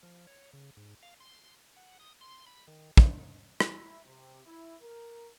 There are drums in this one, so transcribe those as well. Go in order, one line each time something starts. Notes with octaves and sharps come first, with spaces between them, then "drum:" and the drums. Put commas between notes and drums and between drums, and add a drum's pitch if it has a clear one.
F3
C#5
C#3
G#2
F5
C6
F#5
D#6
C6
B5
D#3
drum: kick
drum: rim click
E4
C3
E4
A#4